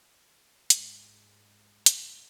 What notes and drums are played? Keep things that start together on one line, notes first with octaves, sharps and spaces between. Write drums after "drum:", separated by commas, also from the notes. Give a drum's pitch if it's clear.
G#2 G#3, drum: hi-hat
drum: hi-hat